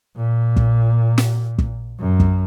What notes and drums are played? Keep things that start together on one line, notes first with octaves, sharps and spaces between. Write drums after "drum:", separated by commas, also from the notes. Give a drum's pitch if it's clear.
A#2
drum: kick
drum: snare
drum: kick
F#2
drum: kick